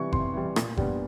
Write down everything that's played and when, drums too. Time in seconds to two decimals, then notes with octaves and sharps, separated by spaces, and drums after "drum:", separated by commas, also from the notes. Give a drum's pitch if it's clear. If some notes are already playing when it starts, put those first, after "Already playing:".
Already playing: C3 E3 G3 C#6
0.13 C3 C6, drum: kick F#1
0.34 E3 G3
0.56 A#2, drum: rim click
0.77 G3 B3 D4, drum: kick F#1